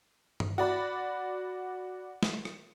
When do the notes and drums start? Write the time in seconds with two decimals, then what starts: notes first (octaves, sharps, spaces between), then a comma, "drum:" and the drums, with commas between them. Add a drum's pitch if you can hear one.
0.40 drum: tom G2
0.58 F#4 D5 B5
2.23 drum: snare
2.45 drum: rim click